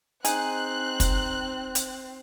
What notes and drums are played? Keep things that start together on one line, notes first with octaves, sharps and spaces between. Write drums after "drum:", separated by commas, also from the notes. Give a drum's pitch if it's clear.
C4 D#4 G#4 F#6, drum: hi-hat
drum: kick, hi-hat
drum: hi-hat